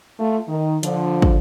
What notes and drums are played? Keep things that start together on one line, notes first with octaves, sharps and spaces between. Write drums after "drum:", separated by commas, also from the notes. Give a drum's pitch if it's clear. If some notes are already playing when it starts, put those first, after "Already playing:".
A3 F4
D#3
D3 F3, drum: hi-hat
drum: kick